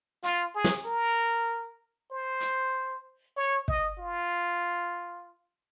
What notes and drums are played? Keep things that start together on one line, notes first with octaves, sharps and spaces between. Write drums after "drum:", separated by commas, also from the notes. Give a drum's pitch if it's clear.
F4, drum: hi-hat
G#4
drum: snare
A#4
C5
drum: hi-hat
C#5
D#5, drum: kick
F4